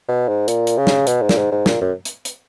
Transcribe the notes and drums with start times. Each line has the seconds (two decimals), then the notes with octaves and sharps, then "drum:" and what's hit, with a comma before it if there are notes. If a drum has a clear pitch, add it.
0.08 B2
0.28 G#2
0.48 A#2, drum: hi-hat
0.67 drum: hi-hat
0.77 C#3
0.87 drum: snare
1.07 B2, drum: hi-hat
1.22 G#2
1.29 A#2, drum: snare
1.37 G#2
1.52 G#2
1.66 A#2, drum: snare
1.81 F#2
2.05 drum: hi-hat
2.25 drum: hi-hat